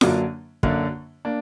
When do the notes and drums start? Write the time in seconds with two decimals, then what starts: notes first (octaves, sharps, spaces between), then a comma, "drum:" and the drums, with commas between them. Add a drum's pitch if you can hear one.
0.01 F#2 D3 F#3 A#3 D4, drum: snare F4
0.63 F#2 D3 F#3 A#3 D4, drum: kick
1.25 A#3 D4